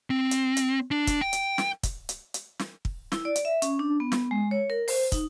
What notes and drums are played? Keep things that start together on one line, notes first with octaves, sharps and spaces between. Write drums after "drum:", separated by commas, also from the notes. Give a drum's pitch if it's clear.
C4
drum: hi-hat
drum: hi-hat
D4
drum: kick, hi-hat
G5
drum: hi-hat
drum: snare
drum: kick, hi-hat
drum: hi-hat
drum: hi-hat
drum: snare
drum: kick
E4, drum: snare
D5
drum: hi-hat
E5
C#4, drum: hi-hat
D4
B3
drum: snare
G#3
C#5
A#4
C5, drum: open hi-hat
D#4, drum: kick, hi-hat